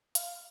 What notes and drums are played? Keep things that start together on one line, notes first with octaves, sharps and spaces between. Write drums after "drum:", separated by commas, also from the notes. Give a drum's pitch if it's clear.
F5, drum: hi-hat